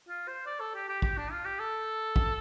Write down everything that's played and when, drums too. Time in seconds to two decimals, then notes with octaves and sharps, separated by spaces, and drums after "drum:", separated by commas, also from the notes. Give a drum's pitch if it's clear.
0.08 F4
0.27 C5
0.46 D5
0.60 A4
0.74 G4
0.89 G4
1.02 G4, drum: kick
1.17 D4
1.31 F4
1.45 G4
1.59 A4
2.16 drum: kick